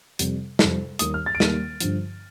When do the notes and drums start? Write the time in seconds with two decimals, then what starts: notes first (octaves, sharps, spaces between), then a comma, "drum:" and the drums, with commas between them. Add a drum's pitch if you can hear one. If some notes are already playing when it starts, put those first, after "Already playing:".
0.19 F2 C3 G3, drum: hi-hat
0.59 F2 C3 G3, drum: snare
0.99 D#2 D#3 G3 A#3 D#6, drum: hi-hat
1.14 F6
1.26 A6
1.35 D7
1.40 D#2 D#3 G3 A#3 D#7, drum: snare
1.80 G2 D3 F3, drum: hi-hat